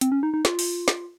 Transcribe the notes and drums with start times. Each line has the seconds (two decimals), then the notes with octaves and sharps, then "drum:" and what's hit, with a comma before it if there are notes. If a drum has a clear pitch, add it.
0.01 C4, drum: hi-hat
0.12 C#4
0.23 D#4
0.34 D#4
0.45 F4, drum: snare
0.59 drum: open hi-hat
0.88 drum: snare